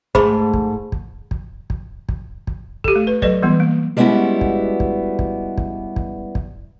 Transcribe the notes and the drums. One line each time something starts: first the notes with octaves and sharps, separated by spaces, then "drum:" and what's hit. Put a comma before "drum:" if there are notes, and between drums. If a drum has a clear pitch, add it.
G#2 A3 G#4 C5 B5, drum: kick
drum: kick
drum: kick
drum: kick
drum: kick
drum: kick
drum: kick
G4 A4, drum: kick
A3
B4
F#3 A4 B4 D5 D#5, drum: kick
E3 G3 B3
A#3
G3 G#3 B3 C#4 E4 F#4
drum: kick
drum: kick
drum: kick
drum: kick
drum: kick
drum: kick